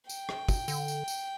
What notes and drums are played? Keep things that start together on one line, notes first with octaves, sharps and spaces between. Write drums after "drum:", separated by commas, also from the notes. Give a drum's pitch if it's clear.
G5, drum: tambourine
drum: rim click
drum: kick, tambourine
D3, drum: tambourine
drum: tambourine
drum: tambourine